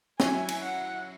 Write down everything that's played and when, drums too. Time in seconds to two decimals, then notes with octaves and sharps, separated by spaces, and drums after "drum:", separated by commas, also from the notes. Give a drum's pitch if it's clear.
0.20 F#3 C#4 E4 G#5, drum: snare
0.48 drum: cymbal
0.63 F#5